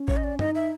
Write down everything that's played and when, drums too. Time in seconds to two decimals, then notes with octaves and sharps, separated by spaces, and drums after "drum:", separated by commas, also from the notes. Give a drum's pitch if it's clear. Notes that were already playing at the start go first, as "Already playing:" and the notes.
Already playing: C#4
0.08 C#5, drum: kick
0.17 D#5
0.24 D5
0.39 D#4 D#5, drum: tom
0.55 E5